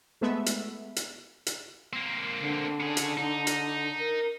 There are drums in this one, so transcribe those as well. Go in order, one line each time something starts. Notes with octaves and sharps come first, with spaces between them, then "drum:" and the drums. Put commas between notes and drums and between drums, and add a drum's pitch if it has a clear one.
G#3 A3 B3 B4 E5
drum: hi-hat
drum: hi-hat
drum: hi-hat
A#3 C4
D3
C#3 G#4
drum: hi-hat
D#4
drum: hi-hat
A#4